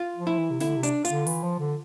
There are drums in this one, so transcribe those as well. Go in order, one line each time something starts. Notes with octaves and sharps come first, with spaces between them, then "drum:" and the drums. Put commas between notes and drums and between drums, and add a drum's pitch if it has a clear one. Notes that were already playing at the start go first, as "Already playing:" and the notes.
Already playing: F4
F3
E4
E3
C3
D3 E4, drum: snare
C3
D4, drum: hi-hat
F4, drum: hi-hat
D3
E3, drum: open hi-hat
F3
D3